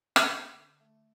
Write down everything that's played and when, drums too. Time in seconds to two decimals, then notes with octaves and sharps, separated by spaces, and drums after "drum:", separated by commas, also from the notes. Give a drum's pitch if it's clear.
0.16 E4, drum: rim click
0.38 D3
0.59 D3
0.80 A3